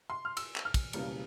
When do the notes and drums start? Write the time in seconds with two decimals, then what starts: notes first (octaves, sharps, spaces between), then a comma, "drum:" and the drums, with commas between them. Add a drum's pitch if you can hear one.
0.10 C6
0.25 F6
0.37 E6, drum: cymbal
0.56 drum: clap
0.65 F6
0.74 drum: kick, cymbal
0.93 E1 E2 C#3 G3 A#3, drum: cymbal